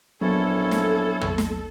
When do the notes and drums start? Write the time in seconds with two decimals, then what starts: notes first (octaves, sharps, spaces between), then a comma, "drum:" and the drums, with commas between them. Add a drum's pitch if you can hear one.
0.21 A#1 F#3 A#3 B3 C#4 E4 A4 C#5
0.71 drum: snare
1.21 drum: tom
1.38 drum: snare